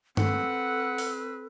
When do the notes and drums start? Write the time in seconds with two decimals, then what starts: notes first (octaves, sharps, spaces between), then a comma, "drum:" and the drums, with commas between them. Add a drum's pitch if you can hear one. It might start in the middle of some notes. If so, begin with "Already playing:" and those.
0.17 C4 A4 B4 F#5, drum: tom
0.98 drum: open hi-hat